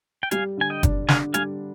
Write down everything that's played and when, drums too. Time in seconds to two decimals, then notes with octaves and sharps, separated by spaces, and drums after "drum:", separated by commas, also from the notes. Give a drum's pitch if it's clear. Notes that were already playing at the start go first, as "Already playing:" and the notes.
0.23 G5
0.31 G3 F5 G#5, drum: hi-hat
0.57 D3 G#5
0.70 D#5 G5
0.83 D4, drum: kick F#1, hi-hat
1.09 D3 F5 G#5, drum: snare
1.34 G3 F5 G#5, drum: hi-hat